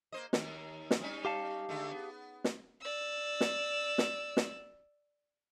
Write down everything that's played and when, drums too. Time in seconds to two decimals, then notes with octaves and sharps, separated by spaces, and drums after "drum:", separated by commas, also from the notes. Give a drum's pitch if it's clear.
0.12 A#3 C5 D#5
0.33 D#2 A#4, drum: snare
0.91 drum: snare
1.01 G3 C#4 D#4
1.25 G4 F5 A5
1.69 D3 G#3 A3
1.91 B3
2.44 drum: snare
2.82 D5 E6
3.41 drum: snare
3.98 drum: snare
4.37 drum: snare